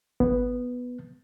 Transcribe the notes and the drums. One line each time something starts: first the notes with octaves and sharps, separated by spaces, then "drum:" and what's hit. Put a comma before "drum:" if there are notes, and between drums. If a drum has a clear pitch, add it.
B3, drum: kick G1